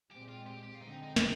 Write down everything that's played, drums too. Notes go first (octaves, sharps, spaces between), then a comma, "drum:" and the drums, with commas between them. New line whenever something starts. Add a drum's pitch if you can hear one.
A#2 G#3 C4 G4
F4
G4
G4
F4
D3 G#3 C4 D#4
D#4
D#4, drum: snare